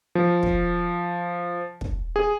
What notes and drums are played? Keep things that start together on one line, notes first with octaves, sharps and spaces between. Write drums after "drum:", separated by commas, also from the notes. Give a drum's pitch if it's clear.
F3
drum: kick
drum: kick
G#4